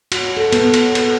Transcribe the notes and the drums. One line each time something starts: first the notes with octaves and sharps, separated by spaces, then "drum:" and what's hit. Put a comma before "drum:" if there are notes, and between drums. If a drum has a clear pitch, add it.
F#4, drum: cymbal
A4
B3, drum: cymbal
drum: cymbal
A4, drum: cymbal